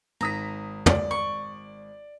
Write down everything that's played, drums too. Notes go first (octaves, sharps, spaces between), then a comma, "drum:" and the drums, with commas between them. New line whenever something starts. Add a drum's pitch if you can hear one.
G#1 A#5 D#6 B6
D5, drum: tom
C#6